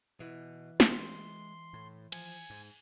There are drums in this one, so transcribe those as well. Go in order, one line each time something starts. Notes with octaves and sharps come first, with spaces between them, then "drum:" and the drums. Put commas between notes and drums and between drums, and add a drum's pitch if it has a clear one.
B2 E3
G#3 C6, drum: snare
A2
F3 G#5, drum: cymbal
G#2